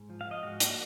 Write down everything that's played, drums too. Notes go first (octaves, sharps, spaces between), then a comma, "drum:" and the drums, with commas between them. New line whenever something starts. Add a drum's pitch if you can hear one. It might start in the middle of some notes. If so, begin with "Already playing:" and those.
Already playing: G#2
F3
F5
F3
D#5
G#2 F#4
A#3, drum: hi-hat